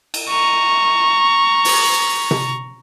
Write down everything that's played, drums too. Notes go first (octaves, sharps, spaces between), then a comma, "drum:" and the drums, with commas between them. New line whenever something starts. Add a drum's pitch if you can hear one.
drum: cymbal
A#5 C#6
drum: open hi-hat
drum: tom C3